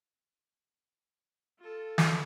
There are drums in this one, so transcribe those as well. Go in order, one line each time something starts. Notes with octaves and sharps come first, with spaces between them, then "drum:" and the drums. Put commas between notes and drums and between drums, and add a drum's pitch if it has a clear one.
F4 A4
drum: snare